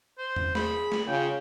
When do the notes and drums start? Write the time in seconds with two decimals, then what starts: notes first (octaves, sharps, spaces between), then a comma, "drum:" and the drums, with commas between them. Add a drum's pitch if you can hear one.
0.18 C5
0.36 drum: tom E2
0.55 G#4 B5, drum: snare
0.92 drum: snare
1.08 C#3 F4 G5